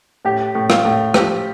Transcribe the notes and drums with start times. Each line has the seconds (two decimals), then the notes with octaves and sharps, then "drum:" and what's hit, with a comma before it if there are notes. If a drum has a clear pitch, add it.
0.25 A2 G4
0.55 A2
0.70 F4, drum: rim click
0.85 A2
1.14 F3 G4, drum: rim click